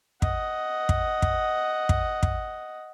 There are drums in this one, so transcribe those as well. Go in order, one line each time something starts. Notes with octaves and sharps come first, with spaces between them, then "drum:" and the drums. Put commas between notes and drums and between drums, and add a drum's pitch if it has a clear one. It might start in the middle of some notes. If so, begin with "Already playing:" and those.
D#5 F#5, drum: kick
drum: kick
drum: kick
drum: kick
drum: kick